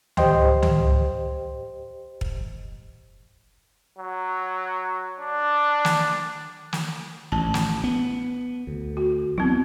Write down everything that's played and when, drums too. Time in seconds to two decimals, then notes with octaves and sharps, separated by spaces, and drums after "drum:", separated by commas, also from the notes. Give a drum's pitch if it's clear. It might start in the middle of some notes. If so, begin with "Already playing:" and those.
0.17 G4 C5 D#5 G5 C6, drum: tom C#2
0.63 drum: tom C#2
2.21 drum: kick
3.98 F#3
5.20 D4
5.85 drum: snare
6.73 drum: snare
7.32 A1 A5
7.54 drum: snare
7.84 B3
8.67 D2
8.97 F#4
9.38 F#3 B3 C4 E4